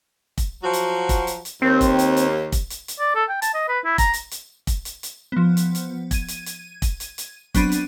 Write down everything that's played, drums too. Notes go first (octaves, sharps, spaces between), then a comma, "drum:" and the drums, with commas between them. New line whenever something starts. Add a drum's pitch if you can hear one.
drum: kick, hi-hat
F3 F#3 F#4
drum: hi-hat
drum: kick, hi-hat
drum: hi-hat
drum: hi-hat
D#2 C4
drum: kick, hi-hat
drum: hi-hat
drum: hi-hat
drum: kick, hi-hat
drum: hi-hat
drum: hi-hat
D5
A4
G5
A5, drum: hi-hat
D#5
B4
E4
A#5, drum: kick, hi-hat
drum: hi-hat
drum: hi-hat
drum: kick, hi-hat
drum: hi-hat
drum: hi-hat
F3 B3
drum: hi-hat
drum: hi-hat
G#6 D#7, drum: kick, hi-hat
drum: hi-hat
drum: hi-hat
drum: kick, hi-hat
drum: hi-hat
drum: hi-hat
F#3 B3 C4 D4 B5 D#7, drum: kick, hi-hat
drum: hi-hat